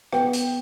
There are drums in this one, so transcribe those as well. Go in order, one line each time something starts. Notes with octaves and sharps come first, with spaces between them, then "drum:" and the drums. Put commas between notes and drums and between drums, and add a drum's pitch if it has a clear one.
B3 G5, drum: rim click
drum: hi-hat